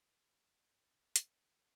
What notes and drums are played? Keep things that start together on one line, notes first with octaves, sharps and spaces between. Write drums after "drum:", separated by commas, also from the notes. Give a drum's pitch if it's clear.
B3
A3
A3, drum: hi-hat